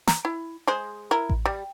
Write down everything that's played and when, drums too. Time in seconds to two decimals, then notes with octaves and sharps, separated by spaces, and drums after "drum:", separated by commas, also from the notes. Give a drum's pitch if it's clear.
0.07 A#5, drum: snare
0.25 E4
0.67 G#3 G#4 C5
1.11 E4 A#4
1.30 drum: kick A1
1.46 G3